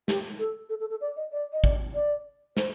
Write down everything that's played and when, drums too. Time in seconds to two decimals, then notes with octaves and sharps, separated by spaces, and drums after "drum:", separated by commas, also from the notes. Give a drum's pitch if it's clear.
0.08 G4, drum: snare
0.39 A4
0.69 A4
0.80 A4
0.90 A4
1.01 D5
1.17 D#5
1.32 D5
1.53 D#5
1.64 D5, drum: kick
1.94 D5
2.57 C5, drum: snare